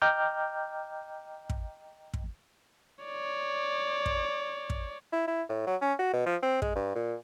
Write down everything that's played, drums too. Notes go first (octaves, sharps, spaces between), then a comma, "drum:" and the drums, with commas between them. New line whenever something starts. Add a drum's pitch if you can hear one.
D#5 G5 A#5 D6 F6 G6
drum: kick
drum: kick
C#5 D5
drum: kick
drum: kick
E4
E4
A2
F#3
C#4
F#4
B2
F3
C4
G#3, drum: kick
G2
A#2